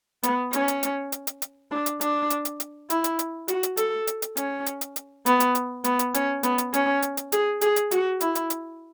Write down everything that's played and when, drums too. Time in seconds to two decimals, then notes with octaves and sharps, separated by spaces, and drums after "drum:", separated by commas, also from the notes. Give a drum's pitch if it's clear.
0.23 B3, drum: hi-hat
0.53 C#4, drum: hi-hat
0.68 drum: hi-hat
0.83 drum: hi-hat
1.12 drum: hi-hat
1.27 drum: hi-hat
1.42 drum: hi-hat
1.71 D4
1.86 drum: hi-hat
2.01 D4, drum: hi-hat
2.30 drum: hi-hat
2.45 drum: hi-hat
2.60 drum: hi-hat
2.90 E4, drum: hi-hat
3.04 drum: hi-hat
3.19 drum: hi-hat
3.48 F#4, drum: hi-hat
3.63 drum: hi-hat
3.77 A4, drum: hi-hat
4.07 drum: hi-hat
4.22 drum: hi-hat
4.37 C#4, drum: hi-hat
4.66 drum: hi-hat
4.81 drum: hi-hat
4.96 drum: hi-hat
5.26 B3, drum: hi-hat
5.40 drum: hi-hat
5.55 drum: hi-hat
5.84 B3, drum: hi-hat
5.99 drum: hi-hat
6.14 C#4, drum: hi-hat
6.43 B3, drum: hi-hat
6.58 drum: hi-hat
6.74 C#4, drum: hi-hat
7.02 drum: hi-hat
7.17 drum: hi-hat
7.32 G#4, drum: hi-hat
7.61 G#4, drum: hi-hat
7.76 drum: hi-hat
7.91 F#4, drum: hi-hat
8.21 E4, drum: hi-hat
8.35 drum: hi-hat
8.50 drum: hi-hat